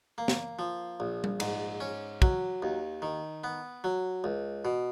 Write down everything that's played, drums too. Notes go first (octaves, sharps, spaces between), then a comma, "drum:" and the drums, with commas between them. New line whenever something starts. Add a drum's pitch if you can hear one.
A#3
drum: snare
F3
A#1
drum: tom G3
G#2, drum: cymbal
C#4
F#3, drum: kick
D#2
D#3
B3
F#3
C#2
B2